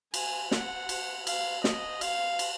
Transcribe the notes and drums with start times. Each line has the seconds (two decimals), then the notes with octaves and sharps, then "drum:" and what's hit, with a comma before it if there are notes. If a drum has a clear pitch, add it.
0.14 G#5, drum: cymbal
0.51 F#5, drum: snare
0.89 drum: cymbal
1.27 F5, drum: cymbal
1.64 D#5, drum: snare
2.01 F5, drum: cymbal
2.39 drum: cymbal